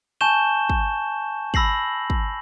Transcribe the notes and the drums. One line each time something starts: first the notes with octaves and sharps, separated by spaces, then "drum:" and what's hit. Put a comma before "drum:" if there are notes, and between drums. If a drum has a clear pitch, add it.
G#5 A5 C#6 G6 E7 G7
drum: kick
B5 E6 A#6 C7 F#7, drum: kick
drum: kick